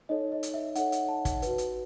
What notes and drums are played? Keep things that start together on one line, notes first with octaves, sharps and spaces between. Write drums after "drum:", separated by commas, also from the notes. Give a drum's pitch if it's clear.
D#4 A4 C#5 D#5
D#5
drum: hi-hat
E5
D#4 A4 C#5 F#5, drum: hi-hat
drum: hi-hat
A5
drum: kick, hi-hat
F#4 B4, drum: hi-hat
drum: hi-hat